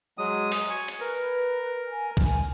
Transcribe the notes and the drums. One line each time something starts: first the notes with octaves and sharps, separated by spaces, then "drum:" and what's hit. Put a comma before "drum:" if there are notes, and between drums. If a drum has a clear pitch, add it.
F#3 G#3 D#6
drum: open hi-hat
G#5 C#6
drum: hi-hat
A#4 B4
G#5
drum: kick